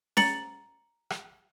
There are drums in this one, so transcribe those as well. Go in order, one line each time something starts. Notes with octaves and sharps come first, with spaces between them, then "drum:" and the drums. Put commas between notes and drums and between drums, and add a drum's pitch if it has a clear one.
A#5 A6 C#7 F#7, drum: snare C#4
drum: rim click